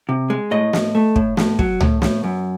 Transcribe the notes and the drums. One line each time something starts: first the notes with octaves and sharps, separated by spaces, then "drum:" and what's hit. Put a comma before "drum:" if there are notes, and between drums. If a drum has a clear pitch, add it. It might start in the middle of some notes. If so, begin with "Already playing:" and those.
C3
G#3
A2 D#5
A2, drum: snare
A3
A2, drum: kick
A2, drum: snare
F#3, drum: kick
A2, drum: tom C#2
A2, drum: snare
F#2